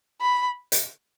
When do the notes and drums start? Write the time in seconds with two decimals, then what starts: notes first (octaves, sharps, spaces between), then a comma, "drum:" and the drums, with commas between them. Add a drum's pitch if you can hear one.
0.21 B5
0.72 drum: hi-hat